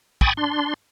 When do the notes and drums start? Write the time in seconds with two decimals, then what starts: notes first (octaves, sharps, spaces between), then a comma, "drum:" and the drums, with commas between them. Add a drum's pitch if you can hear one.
0.21 G5 G#5 B5 C#6 D#6 A6, drum: kick
0.37 D4 C6